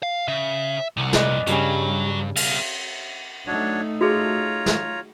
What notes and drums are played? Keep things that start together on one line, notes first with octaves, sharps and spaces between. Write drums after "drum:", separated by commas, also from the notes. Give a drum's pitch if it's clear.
F5
C#3 E5
C2 D3 F#5
F2 A#2 B4 D5 D#5, drum: snare
G2 C#3 F#3 G3 C#4, drum: hi-hat
B2 F5, drum: cymbal
F#3 A3 D4 D#4 C#5
F4 F#4 G#4 C#5 A#5
drum: snare